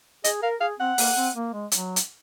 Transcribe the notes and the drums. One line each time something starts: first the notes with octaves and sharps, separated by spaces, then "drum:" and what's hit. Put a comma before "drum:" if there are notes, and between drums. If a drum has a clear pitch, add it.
G#4 D#5, drum: hi-hat
A#4 F5
G#4 F5
C4 F#5
A#3, drum: open hi-hat
C4
A#3
G#3
F#3, drum: hi-hat
drum: hi-hat